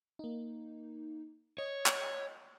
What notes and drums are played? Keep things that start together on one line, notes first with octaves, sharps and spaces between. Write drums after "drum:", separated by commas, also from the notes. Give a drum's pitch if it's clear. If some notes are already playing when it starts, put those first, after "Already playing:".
A#3 D#4
C#5 D#5
drum: clap